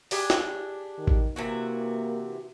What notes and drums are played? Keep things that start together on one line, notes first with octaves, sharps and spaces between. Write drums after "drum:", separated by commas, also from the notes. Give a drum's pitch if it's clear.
D4 G4 G#4, drum: open hi-hat
drum: snare
D#3
drum: kick
C3 E3 A#3 F#4